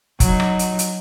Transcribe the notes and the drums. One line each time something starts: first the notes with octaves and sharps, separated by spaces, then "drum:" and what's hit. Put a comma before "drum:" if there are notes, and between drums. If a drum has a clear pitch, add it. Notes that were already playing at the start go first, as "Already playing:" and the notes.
F#3 D#4, drum: kick F#1, hi-hat
drum: rim click
drum: hi-hat
drum: hi-hat